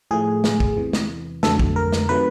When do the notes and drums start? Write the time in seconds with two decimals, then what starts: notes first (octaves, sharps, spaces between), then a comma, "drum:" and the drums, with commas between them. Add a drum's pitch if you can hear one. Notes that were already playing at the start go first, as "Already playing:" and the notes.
0.11 A2 F3 A3 G#4
0.44 drum: snare
0.60 drum: kick
0.77 E2 C3 E3
0.93 drum: snare
1.43 F2 D3 F#3 A3 A4, drum: snare
1.59 drum: kick
1.76 A#4
1.92 drum: snare
2.09 C3 D#3 F#3 A3 B4